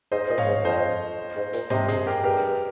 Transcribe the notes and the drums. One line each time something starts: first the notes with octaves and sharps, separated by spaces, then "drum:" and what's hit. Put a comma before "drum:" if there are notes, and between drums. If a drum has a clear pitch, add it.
G#2 C5 D#5
A#2 D#5
C#5 F5, drum: tom
G#2
F2 C5 D#5
G#2
A#2, drum: hi-hat
C3 C5 D#5, drum: tom
G#4 C5, drum: hi-hat
G4 A#4
G2 G4 A#4